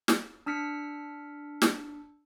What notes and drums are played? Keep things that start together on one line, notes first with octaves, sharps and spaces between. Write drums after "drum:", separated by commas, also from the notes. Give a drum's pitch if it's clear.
drum: snare
D4 E6 F6 B6 C#7
drum: snare